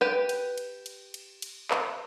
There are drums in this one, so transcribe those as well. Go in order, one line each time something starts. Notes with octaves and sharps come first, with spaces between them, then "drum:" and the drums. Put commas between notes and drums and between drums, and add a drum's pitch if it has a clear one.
G4 B4 G5
drum: cymbal
drum: cymbal
drum: cymbal
drum: cymbal
drum: cymbal
drum: clap